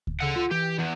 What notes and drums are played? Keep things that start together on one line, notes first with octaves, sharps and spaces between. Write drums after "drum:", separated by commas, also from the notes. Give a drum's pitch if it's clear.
drum: kick D2
C#3 A4 F#5
F4
E3 G4
E2 B3